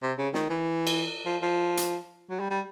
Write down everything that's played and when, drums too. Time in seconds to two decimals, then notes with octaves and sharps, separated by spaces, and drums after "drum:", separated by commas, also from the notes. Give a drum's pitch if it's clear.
0.02 C3
0.18 C#3
0.34 D#3, drum: snare
0.50 E3
0.87 drum: cymbal
1.26 F3
1.42 F3
1.77 drum: hi-hat
2.30 F#3
2.40 G3
2.50 G3